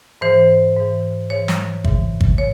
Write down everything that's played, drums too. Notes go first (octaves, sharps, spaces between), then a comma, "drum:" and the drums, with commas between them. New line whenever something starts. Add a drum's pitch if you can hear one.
G#2 E3 C5
G#2 E3
G#2 E3 C#5
drum: snare
G#2 E3, drum: kick
drum: kick
C#5